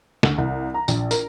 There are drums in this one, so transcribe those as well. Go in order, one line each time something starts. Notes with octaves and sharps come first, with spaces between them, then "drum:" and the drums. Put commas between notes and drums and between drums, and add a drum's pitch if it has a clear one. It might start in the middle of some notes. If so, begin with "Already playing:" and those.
D2, drum: snare
C2
A#5
A#1, drum: tambourine
A#4, drum: tambourine